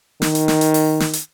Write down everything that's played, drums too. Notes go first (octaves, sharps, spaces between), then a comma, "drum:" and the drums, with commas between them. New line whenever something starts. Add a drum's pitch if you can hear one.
D#3, drum: snare
drum: hi-hat
drum: snare
drum: hi-hat
drum: open hi-hat
drum: snare
drum: hi-hat